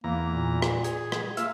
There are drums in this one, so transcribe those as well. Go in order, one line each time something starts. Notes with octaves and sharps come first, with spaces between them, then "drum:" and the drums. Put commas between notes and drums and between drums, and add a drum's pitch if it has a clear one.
E2 A#3 A#5
A#2
drum: rim click
G#4, drum: hi-hat
drum: rim click
A#3 F4 E5, drum: hi-hat